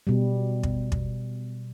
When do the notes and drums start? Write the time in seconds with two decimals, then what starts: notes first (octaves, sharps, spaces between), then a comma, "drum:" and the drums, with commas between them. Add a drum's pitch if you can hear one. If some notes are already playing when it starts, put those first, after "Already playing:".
0.07 B2 G3
0.63 drum: kick
0.92 drum: kick